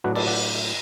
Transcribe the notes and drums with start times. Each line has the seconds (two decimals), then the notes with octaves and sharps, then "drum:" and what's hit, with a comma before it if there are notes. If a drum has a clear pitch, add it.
0.04 A2 F#3 D4 F#4 B4
0.15 A4 D5, drum: cymbal
0.27 D5 F#5